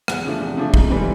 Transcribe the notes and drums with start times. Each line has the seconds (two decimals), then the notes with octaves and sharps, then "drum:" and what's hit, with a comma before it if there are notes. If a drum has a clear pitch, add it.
0.08 E2 F#5, drum: rim click
0.25 C3 F3 A3 D4
0.41 E2
0.57 C3 F3 A3 D4
0.74 G#2, drum: kick
0.90 E3 G3 C4